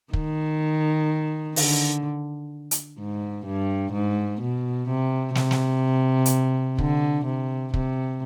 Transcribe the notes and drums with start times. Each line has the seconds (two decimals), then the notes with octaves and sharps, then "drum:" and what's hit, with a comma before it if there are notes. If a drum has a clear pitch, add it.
0.13 D#3, drum: kick
1.56 D3, drum: open hi-hat
2.71 drum: hi-hat
2.99 G#2
3.46 G2
3.93 G#2
4.41 B2
4.89 C3
5.35 C3, drum: snare
5.51 drum: snare
6.26 drum: hi-hat
6.78 D3, drum: kick
7.26 C3
7.74 C3, drum: kick